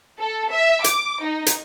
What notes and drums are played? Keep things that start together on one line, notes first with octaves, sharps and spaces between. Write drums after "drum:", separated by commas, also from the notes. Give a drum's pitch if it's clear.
A4
E5
D6, drum: hi-hat
D#4
drum: hi-hat